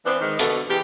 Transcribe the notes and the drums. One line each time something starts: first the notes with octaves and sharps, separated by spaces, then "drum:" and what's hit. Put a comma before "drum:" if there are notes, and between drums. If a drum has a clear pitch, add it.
E3 B3 C4 D4
D#3 G#3
B2 D3, drum: hi-hat
E2 G4